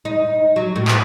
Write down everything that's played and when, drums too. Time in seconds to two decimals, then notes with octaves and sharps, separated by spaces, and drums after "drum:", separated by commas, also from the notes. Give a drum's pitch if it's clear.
0.05 D#4
0.56 F#3
0.76 A2
0.88 drum: clap